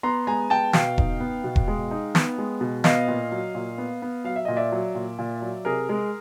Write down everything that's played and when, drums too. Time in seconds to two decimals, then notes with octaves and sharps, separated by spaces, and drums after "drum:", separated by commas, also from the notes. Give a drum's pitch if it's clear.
0.03 B3 A#5 C6
0.27 G#3 G#5 A#5
0.50 B3 G5 A5
0.73 B2 F5 G5, drum: snare
0.98 D#4, drum: kick E1
1.20 B3
1.44 B2
1.56 drum: kick E1
1.68 G#3
1.91 D#4
2.15 B3, drum: snare
2.38 G#3
2.61 B2
2.84 B3 D#5 F5, drum: snare
3.08 A#2
3.32 F#3
3.55 A#2
3.78 B3
4.02 B3
4.24 F#3 F5
4.36 E5
4.45 A#2 D#5
4.57 D5 E5
4.72 F#3
4.95 A#2
5.19 A#2
5.42 F#3
5.65 C3 G#4 A#4
5.89 G#3